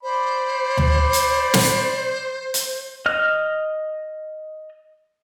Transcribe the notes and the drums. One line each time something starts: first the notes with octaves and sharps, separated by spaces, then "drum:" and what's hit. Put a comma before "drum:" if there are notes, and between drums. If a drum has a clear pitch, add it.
C5 D5 B5
drum: tom D2
drum: hi-hat
drum: snare
drum: hi-hat
D#5 F6